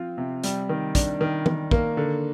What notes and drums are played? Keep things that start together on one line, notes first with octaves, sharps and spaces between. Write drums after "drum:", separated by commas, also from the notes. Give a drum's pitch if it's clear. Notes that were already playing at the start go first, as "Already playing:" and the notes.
Already playing: F3 C4 F4
C3
G3, drum: hi-hat
D#3
D4, drum: kick, hi-hat
D#3
D#3, drum: tom
A#3, drum: kick
D3